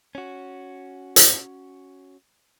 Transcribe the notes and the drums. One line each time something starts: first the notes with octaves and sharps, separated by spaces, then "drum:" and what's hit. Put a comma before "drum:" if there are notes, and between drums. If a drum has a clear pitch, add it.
C#4 F#4
drum: hi-hat